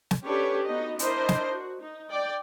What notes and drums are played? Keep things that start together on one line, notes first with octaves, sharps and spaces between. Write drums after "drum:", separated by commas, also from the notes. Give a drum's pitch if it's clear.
drum: snare
C#4 D4 G4 A4 B4 C#5
B3 D#4 F#4 D#5
D4 E4 A#4 C5 D#5, drum: hi-hat
drum: snare
F#4
D#4
D5 G5